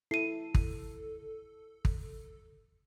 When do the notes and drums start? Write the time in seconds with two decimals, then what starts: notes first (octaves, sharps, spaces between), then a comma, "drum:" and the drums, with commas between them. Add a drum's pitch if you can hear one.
0.11 E4 A4 C7 D#7
0.54 drum: kick
1.85 drum: kick